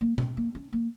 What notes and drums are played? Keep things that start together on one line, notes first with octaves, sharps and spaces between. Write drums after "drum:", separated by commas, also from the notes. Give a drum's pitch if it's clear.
A#3
C#4, drum: tom B2
A#3
C#4
A#3